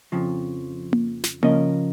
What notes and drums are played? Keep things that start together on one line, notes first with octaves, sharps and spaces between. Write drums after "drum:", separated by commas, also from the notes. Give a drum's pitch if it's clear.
F2 C#3 F3
drum: tom A#3
drum: snare
C#3 F3 C#4 A#4 D#5, drum: tom A#3